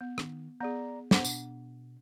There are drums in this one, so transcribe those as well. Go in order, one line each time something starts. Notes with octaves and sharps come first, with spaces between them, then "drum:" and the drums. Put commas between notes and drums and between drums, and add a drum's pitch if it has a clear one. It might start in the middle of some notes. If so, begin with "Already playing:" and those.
B3
D#3, drum: rim click
B3 G#4 D5 A#5
C2 B3 D4 C5 F#5 D6, drum: snare
B2, drum: tambourine